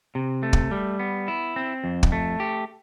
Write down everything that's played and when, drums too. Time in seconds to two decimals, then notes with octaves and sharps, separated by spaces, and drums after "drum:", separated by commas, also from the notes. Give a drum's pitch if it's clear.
0.15 C3
0.43 A3
0.53 drum: kick
0.71 G3
0.99 B3
1.28 E4
1.56 C4
1.84 F2
2.03 drum: kick
2.12 A3
2.40 G4